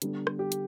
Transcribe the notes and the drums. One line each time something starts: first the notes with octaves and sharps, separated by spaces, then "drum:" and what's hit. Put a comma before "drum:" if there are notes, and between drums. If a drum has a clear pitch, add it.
D3 G3 B3 D4, drum: hi-hat
drum: rim click
G4
drum: hi-hat